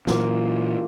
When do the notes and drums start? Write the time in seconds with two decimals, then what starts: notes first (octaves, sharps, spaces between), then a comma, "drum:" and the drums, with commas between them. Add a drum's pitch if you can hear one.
0.07 A#2 E3 F#3 A#3 F4, drum: snare